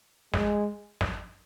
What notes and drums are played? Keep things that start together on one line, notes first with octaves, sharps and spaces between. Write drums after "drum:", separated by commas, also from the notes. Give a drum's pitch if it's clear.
G#3, drum: snare
drum: snare